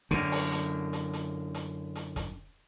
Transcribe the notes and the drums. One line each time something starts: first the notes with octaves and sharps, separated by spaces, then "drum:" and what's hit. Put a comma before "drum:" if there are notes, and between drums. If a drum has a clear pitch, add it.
F#2 D3
drum: open hi-hat
drum: hi-hat
drum: hi-hat
drum: hi-hat
drum: hi-hat
drum: hi-hat
drum: kick, hi-hat